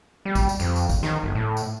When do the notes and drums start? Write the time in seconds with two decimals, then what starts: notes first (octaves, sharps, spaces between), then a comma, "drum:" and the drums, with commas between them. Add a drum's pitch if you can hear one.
0.25 G3
0.35 drum: kick G#1, tambourine
0.49 drum: tambourine
0.60 F2, drum: tambourine
0.76 drum: tambourine
0.89 drum: kick G#1, tambourine
1.03 D#3, drum: rim click
1.23 G1
1.35 A2
1.57 drum: tambourine